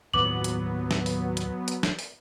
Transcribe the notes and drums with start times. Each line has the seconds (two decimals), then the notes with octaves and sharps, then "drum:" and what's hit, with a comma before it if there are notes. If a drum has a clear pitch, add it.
0.14 D#2 A2 F3 F#3 B3 D6 F#7
0.44 drum: hi-hat
0.91 drum: snare
1.06 drum: open hi-hat
1.37 drum: hi-hat
1.68 drum: hi-hat
1.83 drum: snare
1.99 drum: open hi-hat